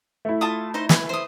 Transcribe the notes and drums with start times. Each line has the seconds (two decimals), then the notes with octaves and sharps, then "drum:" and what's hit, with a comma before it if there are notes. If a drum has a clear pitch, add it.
0.25 A3 E4
0.41 F4 A5 D#6
0.74 D#4 C5
0.89 B4 G#5, drum: snare
1.09 C5 D#6